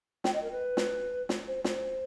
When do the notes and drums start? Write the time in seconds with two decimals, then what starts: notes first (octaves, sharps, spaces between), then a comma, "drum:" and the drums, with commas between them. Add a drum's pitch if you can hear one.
0.24 G5, drum: snare
0.33 D#5
0.42 A#4
0.51 B4
0.77 drum: snare
1.29 drum: snare
1.47 C5
1.64 C5, drum: snare